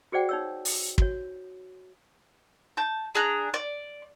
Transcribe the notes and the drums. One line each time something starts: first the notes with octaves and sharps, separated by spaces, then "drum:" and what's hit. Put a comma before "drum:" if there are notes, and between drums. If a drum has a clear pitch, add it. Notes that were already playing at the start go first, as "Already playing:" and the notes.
F#4 G#4 C5 D5 F#5 G5
D#4 C#5 E6
drum: open hi-hat
F#4 C#5, drum: kick
A5 G6
D4 G#4 A#5 F#6
D5